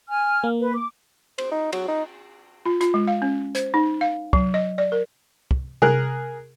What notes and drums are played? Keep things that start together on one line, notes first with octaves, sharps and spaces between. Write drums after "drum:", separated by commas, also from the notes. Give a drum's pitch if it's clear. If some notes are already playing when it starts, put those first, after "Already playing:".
G#5 F6
A#3
B4
D6
C5, drum: cymbal
D#4
F#3, drum: cymbal
D#4
F4
F4, drum: hi-hat
G#3
F5
C#4
C5, drum: hi-hat
D#4
F5
F#3, drum: kick
D#5
D5
A#4
drum: kick
G#4 A#4 F#6, drum: tom C3